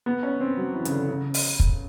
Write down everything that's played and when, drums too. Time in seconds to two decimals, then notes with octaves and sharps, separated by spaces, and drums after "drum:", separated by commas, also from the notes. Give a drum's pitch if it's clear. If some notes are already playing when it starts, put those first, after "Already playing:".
0.06 B3
0.23 C#4
0.40 C4
0.57 F#3
0.74 E3
0.85 C#3, drum: hi-hat
0.92 D3
1.09 C#3
1.34 drum: open hi-hat
1.60 drum: kick